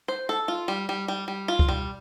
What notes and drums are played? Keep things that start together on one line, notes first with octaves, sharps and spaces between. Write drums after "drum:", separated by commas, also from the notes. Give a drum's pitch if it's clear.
C5
A4
F4
G3
G3
G3
G3
F4
drum: kick C#2
G3